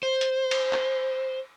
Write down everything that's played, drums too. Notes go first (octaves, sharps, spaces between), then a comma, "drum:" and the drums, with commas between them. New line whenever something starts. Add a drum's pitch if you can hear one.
C5
drum: hi-hat
drum: cymbal
drum: clap